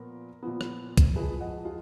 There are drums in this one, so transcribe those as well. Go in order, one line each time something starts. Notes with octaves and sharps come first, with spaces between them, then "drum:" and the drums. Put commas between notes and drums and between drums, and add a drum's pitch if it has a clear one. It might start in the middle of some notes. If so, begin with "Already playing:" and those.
Already playing: A#2 F3 B3 A#4
A#2 F3 B3
drum: rim click
drum: kick, hi-hat
F2 F3 G#3 G#4 B4
D#5 F#5
F4 G#4